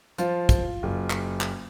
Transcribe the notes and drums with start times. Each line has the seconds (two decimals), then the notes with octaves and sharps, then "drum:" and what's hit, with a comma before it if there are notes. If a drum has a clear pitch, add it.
0.18 F3 F4, drum: hi-hat
0.49 drum: kick, hi-hat
0.83 F#1
1.10 drum: clap
1.41 drum: clap